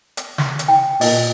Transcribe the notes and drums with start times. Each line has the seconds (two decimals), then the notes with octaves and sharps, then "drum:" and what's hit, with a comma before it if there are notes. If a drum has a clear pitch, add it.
0.17 drum: hi-hat
0.38 drum: snare
0.59 drum: hi-hat
0.68 G5
1.01 A#2 D#5, drum: open hi-hat